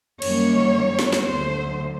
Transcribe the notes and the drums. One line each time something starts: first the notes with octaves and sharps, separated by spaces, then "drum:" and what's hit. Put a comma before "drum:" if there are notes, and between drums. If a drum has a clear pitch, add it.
F#2 D#3 G3 A#3 C#5, drum: cymbal
drum: snare
drum: snare
D2 D3 F#3 A3 C5